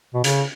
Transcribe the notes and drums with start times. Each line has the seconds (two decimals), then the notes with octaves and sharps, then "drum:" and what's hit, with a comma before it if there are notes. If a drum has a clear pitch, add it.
0.15 B2
0.24 C#3, drum: hi-hat